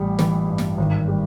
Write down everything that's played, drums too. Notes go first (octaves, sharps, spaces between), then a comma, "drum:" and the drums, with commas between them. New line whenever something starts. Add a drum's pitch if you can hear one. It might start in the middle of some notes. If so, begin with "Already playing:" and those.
Already playing: A1 G3
E3, drum: snare
G2
drum: snare
G#1
G3